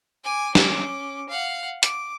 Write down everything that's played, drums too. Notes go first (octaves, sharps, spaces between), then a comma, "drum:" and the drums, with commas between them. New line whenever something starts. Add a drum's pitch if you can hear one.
G#5 D6
C#4 D6, drum: snare
F5 F#5
D6, drum: hi-hat